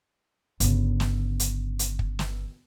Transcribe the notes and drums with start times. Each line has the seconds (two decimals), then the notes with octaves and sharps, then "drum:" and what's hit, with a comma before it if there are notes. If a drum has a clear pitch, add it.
0.60 G1 C#3, drum: hi-hat
1.00 drum: snare
1.40 drum: hi-hat
1.79 drum: hi-hat
1.99 drum: kick
2.19 drum: snare